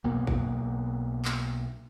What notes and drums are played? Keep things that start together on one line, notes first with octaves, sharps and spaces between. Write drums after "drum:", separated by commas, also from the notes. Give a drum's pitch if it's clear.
B1 B2 A#3 B3
drum: kick A1
drum: clap